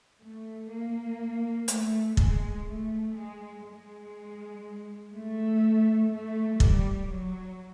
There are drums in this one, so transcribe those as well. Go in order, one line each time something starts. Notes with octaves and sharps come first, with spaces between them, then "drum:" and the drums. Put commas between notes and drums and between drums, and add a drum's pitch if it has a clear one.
A3
A#3
A3, drum: hi-hat
G#3, drum: kick
A3
G#3
G#3
A3
A3
G3, drum: kick
F#3